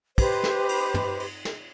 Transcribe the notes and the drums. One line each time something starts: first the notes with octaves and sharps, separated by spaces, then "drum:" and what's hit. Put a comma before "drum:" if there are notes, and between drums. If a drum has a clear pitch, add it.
G4 B4 C5 D#5, drum: kick, cymbal
drum: snare
drum: cymbal
drum: tom
drum: cymbal
drum: snare